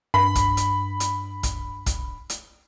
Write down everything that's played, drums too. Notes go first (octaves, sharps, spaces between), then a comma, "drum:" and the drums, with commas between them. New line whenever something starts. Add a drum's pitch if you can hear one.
G2 B5
drum: kick, hi-hat
drum: hi-hat
drum: hi-hat
drum: kick, hi-hat
drum: kick, hi-hat
drum: hi-hat